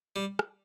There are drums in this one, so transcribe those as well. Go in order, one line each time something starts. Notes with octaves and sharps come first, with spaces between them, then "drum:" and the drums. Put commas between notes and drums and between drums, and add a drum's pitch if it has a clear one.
G3
drum: rim click